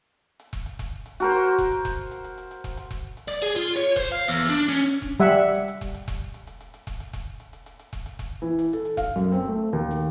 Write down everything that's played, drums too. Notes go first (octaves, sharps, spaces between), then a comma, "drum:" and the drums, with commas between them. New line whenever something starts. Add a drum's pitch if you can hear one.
drum: hi-hat
drum: kick E1
drum: hi-hat
drum: kick E1, hi-hat
drum: hi-hat
F#4 A#4 C5, drum: hi-hat
drum: hi-hat
drum: hi-hat
drum: kick E1, hi-hat
drum: hi-hat
drum: kick E1, hi-hat
drum: hi-hat
drum: hi-hat
drum: hi-hat
drum: hi-hat
drum: kick E1, hi-hat
drum: hi-hat
drum: kick E1
drum: hi-hat
D5, drum: hi-hat
G#4, drum: hi-hat
F4, drum: hi-hat
C#5
C5, drum: kick E1, hi-hat
F5
E2
D4, drum: hi-hat
C#4
drum: hi-hat
drum: kick E1
G3 E5 F#5
drum: hi-hat
drum: hi-hat
drum: hi-hat
drum: kick E1, hi-hat
drum: hi-hat
drum: kick E1, hi-hat
drum: hi-hat
drum: hi-hat
drum: hi-hat
drum: hi-hat
drum: kick E1, hi-hat
drum: hi-hat
drum: kick E1, hi-hat
drum: hi-hat
drum: hi-hat
drum: hi-hat
drum: hi-hat
drum: kick E1, hi-hat
drum: hi-hat
drum: kick E1, hi-hat
E3
drum: hi-hat
A4, drum: hi-hat
drum: hi-hat
F5, drum: kick E1, hi-hat
F#2
C4
A3
D#2
drum: hi-hat